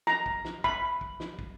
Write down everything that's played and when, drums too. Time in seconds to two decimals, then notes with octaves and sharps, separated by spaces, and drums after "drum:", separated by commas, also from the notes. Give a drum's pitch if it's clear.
0.07 A#5, drum: snare
0.26 drum: kick
0.45 drum: snare
0.64 B5, drum: kick
1.01 drum: kick
1.20 drum: snare
1.39 drum: kick